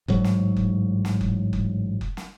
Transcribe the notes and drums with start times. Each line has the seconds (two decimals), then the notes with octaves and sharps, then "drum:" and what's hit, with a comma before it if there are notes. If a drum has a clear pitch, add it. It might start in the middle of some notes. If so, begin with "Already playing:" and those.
0.08 A1 G#2 F#3, drum: kick F#1
0.24 drum: snare
0.57 drum: kick F#1
1.05 drum: snare
1.21 drum: kick F#1
1.53 drum: kick F#1
2.01 drum: kick F#1
2.17 drum: snare